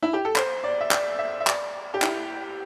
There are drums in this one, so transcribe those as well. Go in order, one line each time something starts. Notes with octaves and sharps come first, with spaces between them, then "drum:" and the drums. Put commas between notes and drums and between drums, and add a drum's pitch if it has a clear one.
E4
G4
A4
C5, drum: clap
D5
E5
D5, drum: clap
E5
E5
D5, drum: clap
G4
E4, drum: clap